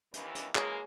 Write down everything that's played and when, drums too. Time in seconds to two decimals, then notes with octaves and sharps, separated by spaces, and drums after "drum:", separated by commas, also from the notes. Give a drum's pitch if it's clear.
0.14 D#2 E3, drum: hi-hat
0.35 drum: hi-hat
0.55 E3 G#3 A#3 G#4 C#5, drum: clap